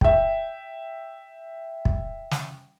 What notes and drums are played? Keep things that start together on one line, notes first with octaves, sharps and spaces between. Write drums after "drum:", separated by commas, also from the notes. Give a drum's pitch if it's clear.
E5 G5, drum: kick
drum: kick
drum: snare